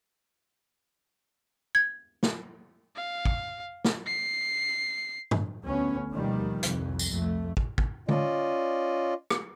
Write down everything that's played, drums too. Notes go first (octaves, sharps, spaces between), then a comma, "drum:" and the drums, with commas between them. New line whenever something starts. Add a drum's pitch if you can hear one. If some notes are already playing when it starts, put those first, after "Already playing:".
G#6
drum: snare
F5
drum: kick
drum: snare
C7
drum: tom G2
D2 B3 C#4
D#2 B2 D#3 F3 G3
C2 F2, drum: hi-hat
drum: tambourine
F2 A3
drum: kick
drum: kick
C#4 F4 D5 D#5, drum: tom
drum: rim click